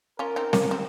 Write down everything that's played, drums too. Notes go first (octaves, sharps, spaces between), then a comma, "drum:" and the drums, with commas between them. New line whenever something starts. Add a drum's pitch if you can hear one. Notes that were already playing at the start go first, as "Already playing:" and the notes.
C#4 F4 A#4
C4 D#4
A#3 C#4, drum: snare C4
C4